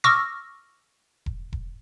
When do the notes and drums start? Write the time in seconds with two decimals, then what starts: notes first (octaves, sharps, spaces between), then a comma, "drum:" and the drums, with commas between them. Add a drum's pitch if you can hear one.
0.04 C#6 D6 E6 F6 A#6, drum: snare
1.26 drum: kick E1
1.53 drum: kick E1